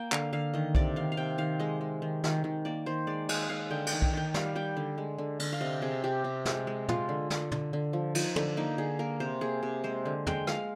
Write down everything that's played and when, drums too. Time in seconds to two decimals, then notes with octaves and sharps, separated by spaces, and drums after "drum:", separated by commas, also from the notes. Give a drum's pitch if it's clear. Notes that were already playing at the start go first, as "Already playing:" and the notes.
Already playing: A#3 G5
0.12 D3 F5, drum: clap
0.33 D3 F5
0.54 D#3 D#5
0.75 C3 D5, drum: kick B1
0.96 D#3 F5
1.12 F5
1.17 C3 G5
1.38 D#3 F5
1.59 G#3 D#5
1.81 G#3
2.02 D#3
2.24 D#3, drum: snare
2.44 D#3
2.65 A#3 D5
2.86 D#3 C5
3.07 G#3 D5
3.29 G#3 F5, drum: cymbal
3.49 G#3 F5
3.70 D3 G5
3.87 G5, drum: cymbal
3.93 D#3
4.02 G5, drum: kick B1
4.13 D#3 G5
4.34 G3 F5, drum: snare
4.55 G3 G5
4.77 D3
4.98 G#3
5.18 D3
5.40 D3, drum: cymbal
5.53 F5
5.61 C3 D#5
5.82 C3 G#4
6.04 C3 G4
6.24 C3
6.45 G#3, drum: snare
6.67 G#3
6.89 G#3 F4, drum: tom
7.09 D3
7.30 D3, drum: snare
7.52 D3, drum: tom
7.73 D3
7.93 F3
8.15 F3 D#4, drum: cymbal
8.36 D3, drum: tom
8.57 A#3 D#4
8.78 D3 G#4
8.99 A#3 A#4
9.20 C3 C5
9.41 A#3 G#4
9.63 C3
9.84 G#3 C5
10.05 D3
10.27 G#3 G5, drum: tom
10.47 G#3 F5, drum: rim click